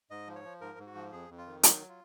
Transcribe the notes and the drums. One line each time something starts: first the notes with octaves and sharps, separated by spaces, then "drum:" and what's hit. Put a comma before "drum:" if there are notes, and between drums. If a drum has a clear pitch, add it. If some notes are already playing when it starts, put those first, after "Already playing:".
G#2 D#5
F3
C#5
F3
G#2 A#4
G#2
F#4
F3
F2 G#4
F2
F4
D#3
F#3 D#4, drum: hi-hat
F4